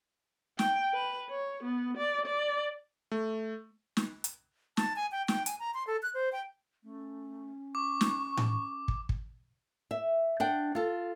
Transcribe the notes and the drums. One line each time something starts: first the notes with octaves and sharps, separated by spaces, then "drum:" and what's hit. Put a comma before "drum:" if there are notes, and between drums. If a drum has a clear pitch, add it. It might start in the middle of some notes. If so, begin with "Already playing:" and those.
G5, drum: snare
B4
C#5
B3
D5
D5
A3
drum: snare
drum: hi-hat
A5, drum: snare
G#5
G5
G5, drum: snare
G#5, drum: hi-hat
A#5
C6
A4
F#6
C5
G5
A3 C#4
C#6 D6
drum: snare
drum: tom A2
drum: kick
drum: kick
E5
D4 F#5 G5
F4 A4